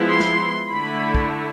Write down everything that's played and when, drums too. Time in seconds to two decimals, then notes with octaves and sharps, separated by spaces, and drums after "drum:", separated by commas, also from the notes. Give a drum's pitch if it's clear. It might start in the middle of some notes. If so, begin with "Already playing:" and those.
Already playing: F3 G#3 B3 E4
0.09 C6
0.20 drum: snare
0.69 D3 A3 E4 B5
1.14 drum: kick